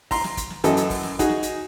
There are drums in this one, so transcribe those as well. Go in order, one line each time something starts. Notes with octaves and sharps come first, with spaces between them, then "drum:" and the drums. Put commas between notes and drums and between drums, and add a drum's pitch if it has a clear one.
A#5 C6, drum: kick, open hi-hat
drum: snare
drum: kick, hi-hat
drum: snare
F#2 E3 A4 D#5, drum: hi-hat
drum: hi-hat
drum: kick, open hi-hat
drum: snare
D#4 F#4 G#4, drum: kick, hi-hat
drum: snare
drum: hi-hat